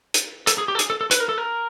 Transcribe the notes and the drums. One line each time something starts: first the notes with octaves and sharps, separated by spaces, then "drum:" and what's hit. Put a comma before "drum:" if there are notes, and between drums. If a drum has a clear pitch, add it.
drum: hi-hat
A4, drum: hi-hat
G#4
G4
A4
G#4, drum: hi-hat
A4
A4
B4, drum: hi-hat
A#4
A4
A#4